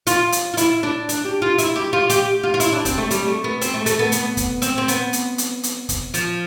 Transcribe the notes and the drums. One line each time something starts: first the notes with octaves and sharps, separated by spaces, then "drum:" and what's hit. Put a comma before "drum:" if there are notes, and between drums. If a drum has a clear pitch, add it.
F4, drum: hi-hat
drum: hi-hat
F4
E4, drum: hi-hat
D4
D4, drum: hi-hat
G4
F4
E4, drum: hi-hat
G4
F4
G4, drum: hi-hat
F4
F4
E4, drum: hi-hat
D4
C4, drum: kick, hi-hat
A3
G3, drum: hi-hat
A3
B3
C4, drum: hi-hat
A3
A3, drum: hi-hat
B3
B3, drum: hi-hat
drum: kick, hi-hat
C4, drum: hi-hat
C4
B3, drum: hi-hat
drum: hi-hat
drum: hi-hat
drum: hi-hat
drum: kick, hi-hat
F3, drum: hi-hat